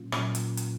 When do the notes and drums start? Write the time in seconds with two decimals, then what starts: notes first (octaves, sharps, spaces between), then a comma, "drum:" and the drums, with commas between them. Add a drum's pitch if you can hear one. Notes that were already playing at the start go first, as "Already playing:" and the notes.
Already playing: A#2 F#3 A#3 C#4 F4
0.12 A#2 F#3 A#3 C#4 F4, drum: rim click
0.35 drum: hi-hat
0.57 drum: hi-hat